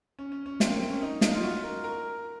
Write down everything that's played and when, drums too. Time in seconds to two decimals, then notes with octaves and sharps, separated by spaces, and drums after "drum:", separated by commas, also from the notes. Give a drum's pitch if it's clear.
0.19 C#4
0.32 C#4
0.46 C#4
0.60 C4, drum: snare
0.70 A#3
0.80 C4
0.91 C#4
1.02 D#4
1.21 D#4, drum: snare
1.34 F4
1.43 F#4
1.63 A#4
1.84 A#4